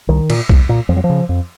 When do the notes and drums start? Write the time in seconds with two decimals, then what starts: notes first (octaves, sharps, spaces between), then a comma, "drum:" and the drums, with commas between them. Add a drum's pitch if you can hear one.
0.09 C2 D#3
0.30 A#2, drum: cymbal
0.49 C2, drum: kick B1
0.69 A#2
0.89 F2 F3
0.97 F#3
1.04 F3
1.09 C#3
1.29 F2